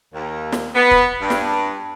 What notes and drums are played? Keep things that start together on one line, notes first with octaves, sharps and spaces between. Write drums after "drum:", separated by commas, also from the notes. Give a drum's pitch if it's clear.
D#2
drum: snare
B3
drum: kick
G2
drum: snare